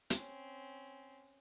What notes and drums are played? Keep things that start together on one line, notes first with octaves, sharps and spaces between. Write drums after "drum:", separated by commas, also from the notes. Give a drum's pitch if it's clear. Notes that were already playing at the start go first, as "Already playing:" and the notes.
C4 C#4, drum: hi-hat